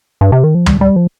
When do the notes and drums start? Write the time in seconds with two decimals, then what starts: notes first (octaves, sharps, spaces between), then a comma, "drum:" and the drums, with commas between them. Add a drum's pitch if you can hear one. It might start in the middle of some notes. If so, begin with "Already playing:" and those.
0.21 G2
0.32 C3
0.44 D#3
0.55 F3
0.66 G3, drum: tom
0.81 G3
0.96 F3